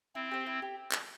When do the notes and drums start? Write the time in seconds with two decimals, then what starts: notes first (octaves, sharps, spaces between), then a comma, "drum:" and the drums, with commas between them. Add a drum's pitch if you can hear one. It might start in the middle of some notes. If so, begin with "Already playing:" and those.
0.15 C4 E4
0.31 G4 C5
0.46 E4
0.62 G4
0.92 drum: clap